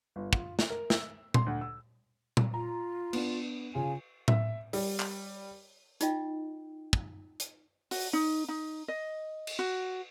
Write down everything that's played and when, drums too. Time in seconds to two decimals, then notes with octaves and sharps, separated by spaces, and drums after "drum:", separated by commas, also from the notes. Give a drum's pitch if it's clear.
0.16 G1
0.33 F4, drum: kick
0.59 F7, drum: snare
0.70 A#4
0.90 E6, drum: snare
1.34 C6, drum: tom A#2
1.46 D2
1.61 E6
2.37 drum: tom A#2
2.54 F4 A#5
3.13 B3 D4, drum: cymbal
3.75 C#3 F4 G#5
4.28 E5, drum: tom A2
4.73 G3, drum: open hi-hat
5.00 drum: clap
6.01 D#4 F4 D#5 G5, drum: hi-hat
6.93 drum: kick
7.40 drum: hi-hat
7.91 F#4, drum: open hi-hat
8.13 D#4
8.48 D#4
8.88 D#5
9.47 drum: cymbal
9.59 F#4